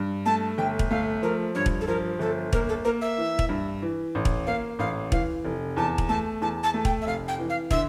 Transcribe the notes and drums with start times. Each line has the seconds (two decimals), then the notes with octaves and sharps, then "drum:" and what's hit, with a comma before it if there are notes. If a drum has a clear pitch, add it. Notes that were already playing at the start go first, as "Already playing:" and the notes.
Already playing: G2
0.25 A3 A5
0.58 G1 G5
0.79 drum: kick
0.90 A3 F5
1.22 F3 A#4
1.54 G2 C#5
1.66 drum: kick
1.80 A4
1.87 F3 A#4
2.19 G1 A4
2.53 A#3 A#4, drum: kick
2.69 A4
2.84 A#3 A#4
3.01 E5
3.18 E3
3.39 drum: kick
3.49 G2
3.82 E3
4.15 A1
4.25 drum: kick
4.46 A#3 F5
4.79 A1 F5
5.12 E3 F5, drum: kick
5.45 F1
5.76 E2 A5
5.98 drum: kick
6.08 A3 A5
6.41 E2 A5
6.63 A5
6.74 A3
6.85 G5, drum: kick
7.01 E5
7.06 F1 F5
7.28 G5
7.39 E3
7.49 F5
7.71 D3 E5, drum: kick